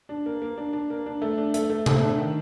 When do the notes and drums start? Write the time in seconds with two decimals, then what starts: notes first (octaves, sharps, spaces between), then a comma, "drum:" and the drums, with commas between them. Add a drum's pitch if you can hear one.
0.09 D4
0.26 A#3
0.42 A#3
0.57 D4
0.73 D4
0.90 A#3
1.06 D4
1.22 A3
1.38 D4
1.54 A3, drum: hi-hat
1.70 A3
1.86 A3, drum: tom C3
2.01 D4
2.18 D#3